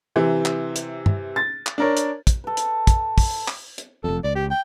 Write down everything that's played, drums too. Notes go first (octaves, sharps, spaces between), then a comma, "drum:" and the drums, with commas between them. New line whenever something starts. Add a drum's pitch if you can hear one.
C3 E3
drum: clap
drum: hi-hat
drum: tom G2
A6
drum: clap
D4 A#4 C#5
drum: hi-hat
drum: kick, hi-hat
A4 B4
drum: hi-hat
drum: kick, hi-hat
drum: kick, open hi-hat
drum: clap
drum: hi-hat
F1 F2 A4
C#2 D5
G4
G5